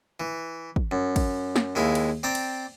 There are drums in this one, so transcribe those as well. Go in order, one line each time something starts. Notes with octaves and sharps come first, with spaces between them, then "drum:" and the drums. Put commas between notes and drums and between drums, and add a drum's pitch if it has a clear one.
E3
drum: kick
F#2
drum: kick, cymbal
drum: snare
D#2 G#3 E4 F5
drum: cymbal
C4 D5 G5 A#5
drum: cymbal